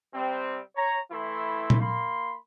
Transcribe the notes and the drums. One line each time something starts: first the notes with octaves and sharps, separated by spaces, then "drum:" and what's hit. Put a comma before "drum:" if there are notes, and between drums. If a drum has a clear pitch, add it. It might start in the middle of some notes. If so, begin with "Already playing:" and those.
C3 G3 C4
C#5 A#5
E3 A3 E4 B5 C6
drum: tom A#2
A#3 B5 C6